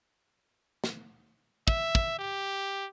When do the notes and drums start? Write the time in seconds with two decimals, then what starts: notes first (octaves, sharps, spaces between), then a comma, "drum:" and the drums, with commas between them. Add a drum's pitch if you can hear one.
0.84 drum: snare
1.68 E5, drum: kick
1.95 drum: kick
2.19 G4